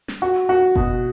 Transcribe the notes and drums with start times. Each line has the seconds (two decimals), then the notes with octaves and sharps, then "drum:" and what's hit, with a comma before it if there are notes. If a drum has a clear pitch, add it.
0.08 drum: snare
0.22 F#4
0.49 F#4
0.75 B2, drum: kick F#1